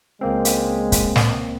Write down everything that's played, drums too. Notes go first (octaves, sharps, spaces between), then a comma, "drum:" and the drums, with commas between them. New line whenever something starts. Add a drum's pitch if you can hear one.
C#2 C#3 G#3 A#3 C4
drum: hi-hat
drum: kick, hi-hat
drum: snare